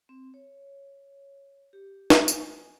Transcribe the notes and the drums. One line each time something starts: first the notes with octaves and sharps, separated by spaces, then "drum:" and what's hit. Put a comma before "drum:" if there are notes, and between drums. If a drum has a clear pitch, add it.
C4
C#5
G4
drum: snare
G#5, drum: tambourine